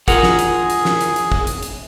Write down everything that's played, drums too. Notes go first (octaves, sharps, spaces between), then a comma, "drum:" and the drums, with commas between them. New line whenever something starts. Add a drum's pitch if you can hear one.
F4 G#4 A#4 F#5, drum: kick, hi-hat
drum: snare
drum: hi-hat
drum: hi-hat
drum: snare
drum: hi-hat
drum: hi-hat
drum: kick
drum: hi-hat
drum: hi-hat